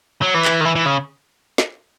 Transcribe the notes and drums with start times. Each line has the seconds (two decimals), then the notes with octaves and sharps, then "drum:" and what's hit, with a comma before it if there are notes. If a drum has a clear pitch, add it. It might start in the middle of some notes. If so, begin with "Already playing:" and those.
0.22 F#3
0.34 E3
0.45 drum: clap
0.61 D#3
0.65 E3
0.75 E3
0.86 C#3
1.58 drum: snare